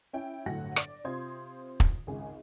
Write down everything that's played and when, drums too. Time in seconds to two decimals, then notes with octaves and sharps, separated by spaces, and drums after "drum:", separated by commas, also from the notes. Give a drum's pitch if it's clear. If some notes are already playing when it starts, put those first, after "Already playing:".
0.13 C#4 E4 G5
0.46 G1 A2 F#3 F#5 A#6
0.76 D5, drum: rim click
1.04 C3 F4 C5 C6 D#6 G#6
1.80 drum: kick
2.07 G#1 C#2 G#4